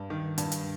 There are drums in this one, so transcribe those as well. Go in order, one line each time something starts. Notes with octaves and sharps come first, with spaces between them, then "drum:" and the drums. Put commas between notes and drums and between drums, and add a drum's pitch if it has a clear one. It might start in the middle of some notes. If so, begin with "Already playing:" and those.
Already playing: G2
D#3
G2, drum: hi-hat
drum: hi-hat